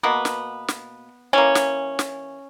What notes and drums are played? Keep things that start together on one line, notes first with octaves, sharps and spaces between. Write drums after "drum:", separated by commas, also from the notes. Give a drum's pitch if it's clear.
B2 A#3 B3
drum: snare
drum: snare
E3 A#3 C#4
drum: snare
drum: snare